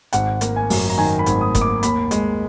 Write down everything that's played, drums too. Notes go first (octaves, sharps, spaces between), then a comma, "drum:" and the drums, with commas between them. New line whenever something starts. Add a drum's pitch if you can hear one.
G#1 F#5, drum: hi-hat
A#3, drum: hi-hat
G#5
F#2, drum: open hi-hat
A#5
D#3 G#5
B5
G#1, drum: hi-hat
D#6
A#3, drum: kick F#1, hi-hat
D6
D#2 B5, drum: hi-hat
G#3, drum: hi-hat